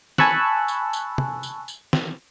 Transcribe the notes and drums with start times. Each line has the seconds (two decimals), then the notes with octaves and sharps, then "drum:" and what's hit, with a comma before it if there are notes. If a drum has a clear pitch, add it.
0.18 G#5 A5 B5 C#6 E6 F#6, drum: snare
0.68 drum: tambourine
0.93 drum: tambourine
1.18 drum: tom
1.43 drum: tambourine
1.68 drum: tambourine
1.93 drum: snare